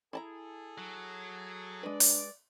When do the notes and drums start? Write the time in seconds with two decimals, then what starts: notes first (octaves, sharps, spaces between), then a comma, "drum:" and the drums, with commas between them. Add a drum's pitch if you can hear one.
0.13 E4 G#4 A4 A5 A#5
0.78 F#3
1.83 G#3 D4 B4 D5
2.00 drum: open hi-hat